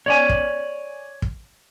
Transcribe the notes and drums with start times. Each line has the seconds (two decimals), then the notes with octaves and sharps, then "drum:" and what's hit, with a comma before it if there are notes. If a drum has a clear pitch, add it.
0.06 C#5 D5 G#5
0.29 drum: kick
1.22 drum: kick